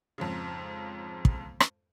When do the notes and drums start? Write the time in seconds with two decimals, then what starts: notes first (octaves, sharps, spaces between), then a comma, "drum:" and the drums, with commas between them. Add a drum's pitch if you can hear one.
0.18 F2 G#2 C#3
1.25 drum: kick
1.60 drum: rim click